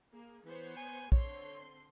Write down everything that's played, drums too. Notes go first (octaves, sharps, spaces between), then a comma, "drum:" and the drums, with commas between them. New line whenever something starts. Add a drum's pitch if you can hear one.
A#3 G#4
E3 B3 C5 C#5
G#5
D3 C4 C#5 C6, drum: kick